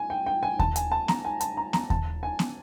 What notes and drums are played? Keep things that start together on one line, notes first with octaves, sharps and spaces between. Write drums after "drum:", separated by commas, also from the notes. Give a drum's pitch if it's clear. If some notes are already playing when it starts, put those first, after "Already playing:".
Already playing: G#5
G5
G5
G#5
A5, drum: kick D#2
G#5, drum: hi-hat
A5
A#5, drum: snare B3
G#5
A5, drum: hi-hat
A#5
A#5, drum: snare B3
A5, drum: kick D#2
G#5
drum: snare B3